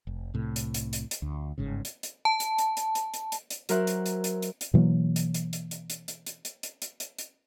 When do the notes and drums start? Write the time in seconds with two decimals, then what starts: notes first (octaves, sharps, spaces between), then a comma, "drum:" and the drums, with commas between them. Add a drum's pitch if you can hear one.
0.07 F1
0.34 C2 A2 C3
0.56 drum: hi-hat
0.74 drum: hi-hat
0.93 drum: hi-hat
1.11 drum: hi-hat
1.22 D2
1.58 G1 G#2 C#3
1.85 drum: hi-hat
2.03 drum: hi-hat
2.25 A5
2.40 drum: hi-hat
2.58 drum: hi-hat
2.77 drum: hi-hat
2.95 drum: hi-hat
3.14 drum: hi-hat
3.32 drum: hi-hat
3.50 drum: hi-hat
3.69 F#3 A#4 C5 E5 F#6, drum: hi-hat
3.87 drum: hi-hat
4.06 drum: hi-hat
4.24 drum: hi-hat
4.42 drum: hi-hat
4.61 drum: hi-hat
4.74 B2 E3 F#3 A#3
5.16 drum: hi-hat
5.34 drum: hi-hat
5.53 drum: hi-hat
5.71 drum: hi-hat
5.90 drum: hi-hat
6.08 drum: hi-hat
6.26 drum: hi-hat
6.45 drum: hi-hat
6.63 drum: hi-hat
6.82 drum: hi-hat
7.00 drum: hi-hat
7.18 drum: hi-hat